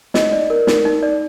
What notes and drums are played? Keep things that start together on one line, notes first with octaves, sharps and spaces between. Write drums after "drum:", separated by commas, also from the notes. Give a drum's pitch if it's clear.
D#4 D#5, drum: snare
D5
A#4
D#4, drum: snare
D#4
D5